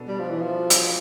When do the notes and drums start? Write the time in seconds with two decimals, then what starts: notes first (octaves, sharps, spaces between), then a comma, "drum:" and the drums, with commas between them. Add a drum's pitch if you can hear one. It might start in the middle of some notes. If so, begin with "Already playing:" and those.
Already playing: B2 B3 D4 A4
0.08 G3
0.19 F3
0.30 E3
0.42 F3
0.70 drum: hi-hat